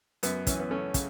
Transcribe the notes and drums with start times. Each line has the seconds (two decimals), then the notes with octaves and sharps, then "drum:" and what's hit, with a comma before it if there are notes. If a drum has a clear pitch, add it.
0.23 F#2 B3, drum: hi-hat
0.47 E3 C#4, drum: kick, hi-hat
0.60 B3
0.70 A3 C#4
0.94 C#3, drum: kick, hi-hat